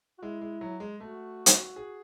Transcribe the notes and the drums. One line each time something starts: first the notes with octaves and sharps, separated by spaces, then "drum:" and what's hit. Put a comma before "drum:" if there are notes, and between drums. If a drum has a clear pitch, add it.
F#4
G#3 E4
G#3
F#3
G#3
A3 F#4
drum: hi-hat
G#4